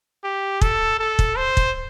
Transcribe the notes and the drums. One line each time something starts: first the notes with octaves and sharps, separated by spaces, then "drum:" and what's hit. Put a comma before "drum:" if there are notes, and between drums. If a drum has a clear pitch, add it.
G4
A4, drum: kick
A4
drum: kick
C5
drum: kick